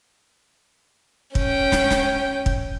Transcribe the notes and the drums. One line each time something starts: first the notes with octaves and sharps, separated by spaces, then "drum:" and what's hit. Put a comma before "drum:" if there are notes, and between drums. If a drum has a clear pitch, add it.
C#4 G5, drum: kick
drum: snare
drum: snare
drum: kick